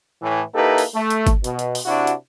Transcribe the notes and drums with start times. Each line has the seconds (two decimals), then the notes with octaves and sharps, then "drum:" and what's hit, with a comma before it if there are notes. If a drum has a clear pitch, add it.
0.22 A2 E3
0.55 A#3 D#4 E4 G4 A4 B4
0.78 drum: open hi-hat
0.94 A3
1.10 drum: hi-hat
1.27 drum: kick G1, hi-hat
1.44 B2, drum: hi-hat
1.59 drum: hi-hat
1.75 drum: open hi-hat
1.86 C3 D4 E4 F#4
2.07 drum: hi-hat